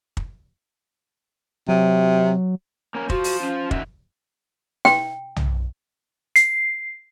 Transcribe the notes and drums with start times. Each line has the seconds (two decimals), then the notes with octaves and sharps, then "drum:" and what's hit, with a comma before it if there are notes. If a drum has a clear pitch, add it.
0.17 drum: kick
1.69 C3 F#3
2.95 A#3 C#4 A#4
3.10 F4 F#4 C5, drum: kick
3.24 drum: open hi-hat
3.42 C#4
3.71 D#3 F#4 E5, drum: kick
4.85 G5, drum: snare
5.36 drum: tom
6.36 C7, drum: hi-hat